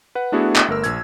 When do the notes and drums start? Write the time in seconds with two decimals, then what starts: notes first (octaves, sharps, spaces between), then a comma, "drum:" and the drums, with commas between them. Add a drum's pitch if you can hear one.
0.15 B4 F#5
0.32 A3 B3 D4 E4 F#4 G#4
0.56 drum: clap
0.68 G1 A3 A#4 E6
0.84 A#1 G#6, drum: hi-hat